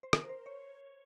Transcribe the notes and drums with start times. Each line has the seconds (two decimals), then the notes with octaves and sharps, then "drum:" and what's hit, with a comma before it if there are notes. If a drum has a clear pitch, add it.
0.03 C5
0.13 A#4, drum: rim click
0.29 C5
0.46 C#5